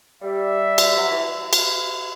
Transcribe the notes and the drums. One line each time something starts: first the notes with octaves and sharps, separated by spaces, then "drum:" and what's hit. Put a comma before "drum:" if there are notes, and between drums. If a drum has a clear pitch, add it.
G3 E5
drum: cymbal
F#3
E3
drum: cymbal